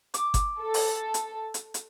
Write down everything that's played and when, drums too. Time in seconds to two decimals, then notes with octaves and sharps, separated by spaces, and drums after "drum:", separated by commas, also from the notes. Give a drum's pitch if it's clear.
0.14 D6, drum: hi-hat
0.34 drum: kick G1, hi-hat
0.60 A4
0.74 drum: open hi-hat
1.14 drum: hi-hat
1.54 drum: hi-hat
1.74 drum: hi-hat